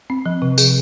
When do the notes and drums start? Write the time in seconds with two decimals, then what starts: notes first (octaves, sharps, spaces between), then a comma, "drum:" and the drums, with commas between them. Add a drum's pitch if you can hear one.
0.10 C4
0.26 F3
0.42 C3
0.58 G#4, drum: tambourine